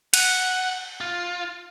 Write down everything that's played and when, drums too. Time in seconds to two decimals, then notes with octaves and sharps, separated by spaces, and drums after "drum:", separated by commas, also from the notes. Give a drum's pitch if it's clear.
0.14 F#5, drum: cymbal
1.01 F4